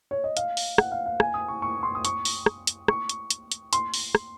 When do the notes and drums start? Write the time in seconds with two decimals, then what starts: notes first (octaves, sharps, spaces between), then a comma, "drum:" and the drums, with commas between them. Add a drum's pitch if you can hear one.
0.11 C#5
0.24 D#5
0.37 F5, drum: hi-hat
0.57 drum: open hi-hat
0.78 F#5, drum: rim click
0.92 F5
1.06 F5
1.20 G#5, drum: rim click
1.34 D#6
1.48 C#6
1.62 C#6
1.83 C6
1.95 D#6
2.05 C#6, drum: hi-hat
2.25 drum: open hi-hat
2.46 drum: rim click
2.67 drum: hi-hat
2.88 C#6, drum: rim click
3.09 drum: hi-hat
3.30 drum: hi-hat
3.52 drum: hi-hat
3.73 C6, drum: hi-hat
3.94 drum: open hi-hat
4.15 drum: rim click